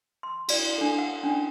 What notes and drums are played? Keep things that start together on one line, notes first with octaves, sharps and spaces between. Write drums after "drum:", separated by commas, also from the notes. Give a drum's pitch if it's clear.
C6
F#4 D5, drum: cymbal
D4 A4
F#5
C#4 D4